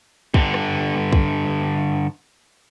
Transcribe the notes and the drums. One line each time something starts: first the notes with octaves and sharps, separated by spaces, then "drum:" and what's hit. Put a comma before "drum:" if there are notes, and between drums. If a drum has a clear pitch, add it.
G2 D3, drum: kick
drum: rim click
drum: kick